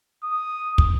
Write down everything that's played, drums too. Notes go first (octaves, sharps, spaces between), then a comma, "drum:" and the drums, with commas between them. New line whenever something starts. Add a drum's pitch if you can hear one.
D#6
drum: kick